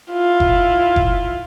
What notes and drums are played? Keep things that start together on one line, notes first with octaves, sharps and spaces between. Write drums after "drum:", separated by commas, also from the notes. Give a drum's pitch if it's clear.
E4 F4
drum: kick F#1
drum: kick F#1